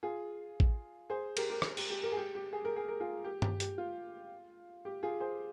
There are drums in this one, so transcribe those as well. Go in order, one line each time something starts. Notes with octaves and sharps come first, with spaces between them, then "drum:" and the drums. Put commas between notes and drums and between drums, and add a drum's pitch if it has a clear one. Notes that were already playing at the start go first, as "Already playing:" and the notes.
F4 G#4
drum: kick A1
G#4 C5
G4 A#4, drum: cymbal
G4 A#4
drum: rim click
G4, drum: cymbal
G4
G4 A#4
G#4
G4
G4
G#4
A#4
G#4
A#4
F4 G#4
G4
G4, drum: tom G2
G4, drum: hi-hat
F4
G4
F4 G#4
G#4 C5